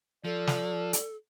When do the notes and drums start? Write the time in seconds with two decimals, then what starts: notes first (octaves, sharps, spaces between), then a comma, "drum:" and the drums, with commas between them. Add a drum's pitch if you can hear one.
0.25 F3 A4 D5
0.47 drum: snare
0.93 drum: hi-hat